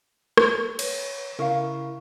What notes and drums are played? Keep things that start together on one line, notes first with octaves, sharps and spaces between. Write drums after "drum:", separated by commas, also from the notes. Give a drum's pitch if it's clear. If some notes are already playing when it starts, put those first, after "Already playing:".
drum: rim click
B4 C#5, drum: cymbal
C#3 E4 A#4 F5 C#6